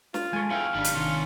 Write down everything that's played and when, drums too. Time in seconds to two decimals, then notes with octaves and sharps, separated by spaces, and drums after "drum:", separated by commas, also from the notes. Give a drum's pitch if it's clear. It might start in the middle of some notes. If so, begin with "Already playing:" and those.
0.14 F4, drum: snare
0.33 G#3 A4 G#5 C#6
0.51 E2 E3 C#5 F5 G5
0.75 G#1 D#3 G3 D4
0.84 drum: hi-hat
0.94 C3 D#3 C#4 F4